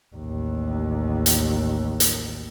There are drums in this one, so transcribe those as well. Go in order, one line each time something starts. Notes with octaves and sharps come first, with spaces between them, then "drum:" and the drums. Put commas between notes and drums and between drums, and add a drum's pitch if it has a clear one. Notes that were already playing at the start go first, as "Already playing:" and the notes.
A1 D#2
drum: hi-hat
drum: hi-hat